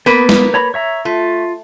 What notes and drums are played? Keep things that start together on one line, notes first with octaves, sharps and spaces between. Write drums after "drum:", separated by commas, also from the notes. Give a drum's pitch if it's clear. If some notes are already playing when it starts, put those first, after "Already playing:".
A#3 B3 B4
drum: snare
C#5 A#5 B5
C#5 E5 A#5
A3 F4